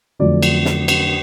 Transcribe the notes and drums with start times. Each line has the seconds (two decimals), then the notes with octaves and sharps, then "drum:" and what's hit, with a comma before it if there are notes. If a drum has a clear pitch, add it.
0.19 F2 D3 F#3 A3 D5
0.43 drum: cymbal
0.65 drum: snare
0.88 drum: cymbal